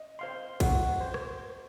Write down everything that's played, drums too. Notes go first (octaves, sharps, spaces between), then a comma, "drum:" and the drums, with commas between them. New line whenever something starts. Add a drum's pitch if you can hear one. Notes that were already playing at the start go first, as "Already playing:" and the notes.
Already playing: D#5
C5 F5 C6
F#4, drum: kick, cymbal
C5
drum: rim click